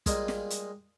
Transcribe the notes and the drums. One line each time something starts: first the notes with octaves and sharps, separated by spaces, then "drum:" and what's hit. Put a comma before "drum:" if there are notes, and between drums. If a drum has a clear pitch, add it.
G3 G#3 A#3 F4 G#4, drum: kick, hi-hat
drum: snare
drum: hi-hat